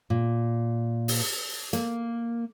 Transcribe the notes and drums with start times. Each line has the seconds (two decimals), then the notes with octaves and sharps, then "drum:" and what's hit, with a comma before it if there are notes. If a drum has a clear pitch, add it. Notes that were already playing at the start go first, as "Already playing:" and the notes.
0.10 A#2
1.08 drum: open hi-hat
1.73 A#3, drum: hi-hat